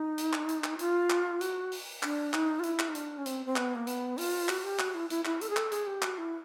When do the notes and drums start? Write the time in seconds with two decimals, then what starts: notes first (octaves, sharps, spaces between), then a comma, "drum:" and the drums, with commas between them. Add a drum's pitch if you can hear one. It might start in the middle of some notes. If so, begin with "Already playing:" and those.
Already playing: D#4
0.18 drum: hi-hat
0.33 drum: clap
0.49 drum: hi-hat
0.64 drum: clap
0.79 F4, drum: hi-hat
1.10 drum: clap
1.41 F#4, drum: hi-hat
1.72 drum: open hi-hat
2.03 D4, drum: clap
2.33 D#4, drum: clap
2.60 F4
2.63 E4, drum: hi-hat
2.79 drum: clap
2.89 D#4
2.95 D4, drum: hi-hat
3.18 C#4
3.26 C4, drum: hi-hat
3.46 C4
3.56 B3, drum: clap
3.75 A#3
3.87 B3, drum: hi-hat
4.18 F4, drum: open hi-hat
4.49 F#4, drum: clap
4.64 G4
4.79 F#4, drum: clap
4.95 E4
5.10 E4, drum: hi-hat
5.25 E4, drum: clap
5.41 A4, drum: hi-hat
5.50 G#4
5.57 A4, drum: clap
5.72 G#4, drum: hi-hat
5.87 G4
6.02 F#4, drum: clap
6.18 E4